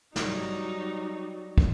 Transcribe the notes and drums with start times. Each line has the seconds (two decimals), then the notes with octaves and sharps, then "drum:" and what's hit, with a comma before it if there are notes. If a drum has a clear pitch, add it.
0.16 F#3 G3 D#4 F#4, drum: snare
1.58 drum: kick